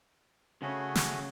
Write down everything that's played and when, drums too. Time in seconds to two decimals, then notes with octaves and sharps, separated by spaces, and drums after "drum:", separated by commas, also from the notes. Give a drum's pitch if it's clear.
0.62 C#3 A3 C#4 F#4 G#4
0.95 drum: snare